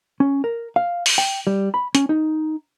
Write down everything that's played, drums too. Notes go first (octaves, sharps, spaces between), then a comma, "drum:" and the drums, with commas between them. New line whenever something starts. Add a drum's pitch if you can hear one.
C#4
A#4
F5
drum: open hi-hat
G5
G3
B5
C#4, drum: hi-hat
D#4